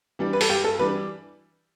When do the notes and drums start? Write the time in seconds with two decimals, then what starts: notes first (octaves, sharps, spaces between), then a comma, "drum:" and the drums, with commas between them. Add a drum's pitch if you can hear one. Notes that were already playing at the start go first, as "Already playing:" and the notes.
0.19 E3 G3 D4
0.33 B4
0.41 A4, drum: open hi-hat
0.49 G2 G4
0.64 A4
0.79 E3 G3 D4 B4